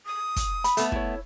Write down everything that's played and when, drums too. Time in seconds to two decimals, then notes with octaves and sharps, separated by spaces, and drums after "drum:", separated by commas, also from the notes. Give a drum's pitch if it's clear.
0.06 D#6
0.36 drum: kick, hi-hat
0.64 B5, drum: hi-hat
0.77 A3 B3, drum: hi-hat
0.92 E4 C#5, drum: kick